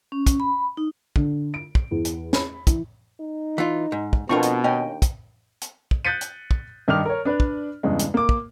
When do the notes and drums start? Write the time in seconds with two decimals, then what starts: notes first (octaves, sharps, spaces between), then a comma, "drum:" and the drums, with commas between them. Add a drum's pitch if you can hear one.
0.12 C#4
0.27 drum: kick, hi-hat
0.40 B5
0.77 D#4
1.16 D3, drum: kick
1.54 D7
1.75 drum: kick
1.91 E2
2.05 drum: hi-hat
2.33 B5, drum: snare
2.67 E3, drum: kick, hi-hat
3.20 D#4
3.58 E3 F4
3.92 G#2
4.13 drum: kick
4.29 F2 B2 C4 D4 F4 A#4 A5 C#6
4.43 drum: hi-hat
4.64 D#2 C#4 D#5 G5 G#5
5.02 drum: kick, hi-hat
5.61 drum: hi-hat
5.91 drum: kick
6.05 F#6 G6 A6 B6 C#7 D#7
6.21 drum: hi-hat
6.51 drum: kick
6.88 G2 D#3 D#4 D6 F6 F7
7.06 A#4 C#5
7.25 D4 B4 D5
7.40 drum: kick
7.83 E2 G2 C#3 G#3
7.99 drum: hi-hat
8.14 A#3 D6
8.29 drum: kick